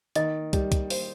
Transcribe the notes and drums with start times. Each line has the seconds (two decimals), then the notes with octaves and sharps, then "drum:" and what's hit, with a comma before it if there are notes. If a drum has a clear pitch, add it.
0.16 D#3 D#5, drum: hi-hat
0.53 G3, drum: kick, hi-hat
0.72 drum: kick, hi-hat
0.90 C5, drum: open hi-hat